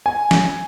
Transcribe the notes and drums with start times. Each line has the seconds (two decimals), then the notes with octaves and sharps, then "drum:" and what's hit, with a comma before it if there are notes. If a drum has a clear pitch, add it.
0.06 G#5
0.31 drum: snare